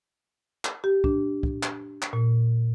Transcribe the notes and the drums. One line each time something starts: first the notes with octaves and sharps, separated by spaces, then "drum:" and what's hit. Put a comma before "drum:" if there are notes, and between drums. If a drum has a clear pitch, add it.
drum: clap
G4
D4, drum: kick
drum: kick
drum: clap
drum: clap
A#2